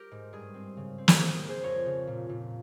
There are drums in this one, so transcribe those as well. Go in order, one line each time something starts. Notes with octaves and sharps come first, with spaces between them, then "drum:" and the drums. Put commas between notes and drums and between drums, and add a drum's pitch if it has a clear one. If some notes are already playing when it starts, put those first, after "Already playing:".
Already playing: G4 A#4
G#2
G2 G#4
C4
C#3
C4
G4, drum: snare
C4 G#4
G4 A#4
C4
G#4 C5
F2 A#4 C#5
C#3
A#2
A#2